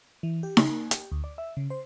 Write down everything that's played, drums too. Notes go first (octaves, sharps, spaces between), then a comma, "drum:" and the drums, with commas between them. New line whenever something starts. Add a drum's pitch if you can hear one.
E3
G4
C#3, drum: snare D#4
A#3
G4, drum: hi-hat
D2
D5
E5
C#3
C5